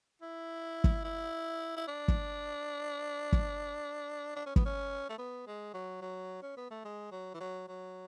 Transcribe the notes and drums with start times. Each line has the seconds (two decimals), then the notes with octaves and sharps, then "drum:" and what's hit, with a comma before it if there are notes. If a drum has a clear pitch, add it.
0.22 E4
0.84 drum: kick
1.04 E4
1.77 E4
1.88 D4
2.08 drum: kick
3.33 drum: kick
4.36 D4
4.46 C#4
4.56 B3, drum: kick
4.66 C#4
5.09 A3
5.18 B3
5.47 G#3
5.74 F#3
6.01 F#3
6.43 C#4
6.57 B3
6.70 A3
6.85 G#3
7.12 F#3
7.34 E3
7.40 F#3
7.68 F#3